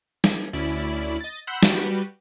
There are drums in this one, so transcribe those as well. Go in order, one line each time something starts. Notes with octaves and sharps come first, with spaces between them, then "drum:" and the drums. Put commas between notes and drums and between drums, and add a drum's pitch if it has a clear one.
drum: snare
D2 C#4 E4 D5 B5
D#5 A6
F#5 B5 C6 E6 F#6 G6
G3 F#4 G4 B4, drum: snare